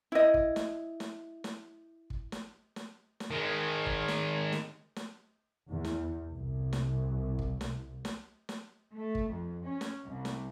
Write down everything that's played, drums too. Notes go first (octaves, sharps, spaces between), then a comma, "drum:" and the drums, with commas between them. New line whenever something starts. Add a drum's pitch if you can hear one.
E4 D#5
drum: kick
drum: snare
drum: snare
drum: snare
drum: kick
drum: snare
drum: snare
drum: snare
D#3 G#3
drum: kick
drum: snare
drum: snare
drum: snare
E2
drum: snare
C2
drum: snare
drum: kick
drum: snare
drum: snare
drum: snare
A3
drum: kick
F2
C#4
drum: snare
C2
drum: snare